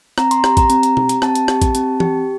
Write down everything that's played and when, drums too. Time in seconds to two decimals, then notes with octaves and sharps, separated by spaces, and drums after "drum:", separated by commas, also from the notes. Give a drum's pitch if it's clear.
0.18 C4 A#5, drum: rim click
0.31 C6, drum: hi-hat
0.44 G4 A#5, drum: rim click
0.57 A#5, drum: kick, hi-hat
0.70 C4, drum: hi-hat
0.83 drum: hi-hat
0.97 G4, drum: tom B2
1.09 drum: hi-hat
1.22 C4 A5, drum: rim click
1.35 drum: hi-hat
1.48 G4, drum: rim click
1.62 drum: kick, hi-hat
1.75 C4, drum: hi-hat
2.00 G4, drum: tom E3